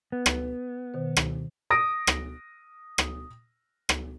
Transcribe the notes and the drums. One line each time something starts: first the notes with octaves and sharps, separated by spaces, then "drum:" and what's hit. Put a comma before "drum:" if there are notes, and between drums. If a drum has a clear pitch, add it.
B3
drum: rim click
B2 D#3 C5
drum: rim click
D#6 A#6 D7
drum: rim click
drum: rim click
drum: rim click